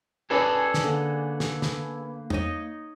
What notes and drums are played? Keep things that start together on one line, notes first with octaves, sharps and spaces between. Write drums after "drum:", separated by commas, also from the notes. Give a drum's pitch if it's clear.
C#4 G#4 A4 B4 C#5 D5
drum: snare
D3 A#3
drum: snare
drum: snare
D#4 C#5 D#5, drum: tom